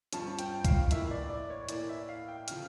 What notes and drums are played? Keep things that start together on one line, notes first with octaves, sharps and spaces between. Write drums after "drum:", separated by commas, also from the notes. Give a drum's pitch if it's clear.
G2 F3 C#4 A5, drum: hi-hat
G5, drum: hi-hat
G5
F5, drum: kick C2, hi-hat
A2 E3 A#3 E5, drum: hi-hat
D5
D5
C#5
A2 E3 A#3 D5, drum: hi-hat
E5
F5
G5
C#3 F3 F6, drum: hi-hat